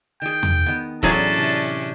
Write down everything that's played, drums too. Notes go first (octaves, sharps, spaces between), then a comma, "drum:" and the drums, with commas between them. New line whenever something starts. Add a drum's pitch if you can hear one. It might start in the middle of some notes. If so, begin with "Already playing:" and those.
D#3 G#4 G5
drum: tom E2
D#3 B3
A2 E3 F#3 C#4 D4 G#4 D5 A5, drum: kick
C3